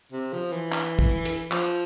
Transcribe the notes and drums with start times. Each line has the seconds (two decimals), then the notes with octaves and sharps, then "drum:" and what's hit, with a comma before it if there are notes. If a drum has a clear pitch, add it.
0.12 C3
0.33 F3
0.52 E3
0.72 drum: clap
0.99 drum: kick
1.25 drum: hi-hat
1.51 F3, drum: clap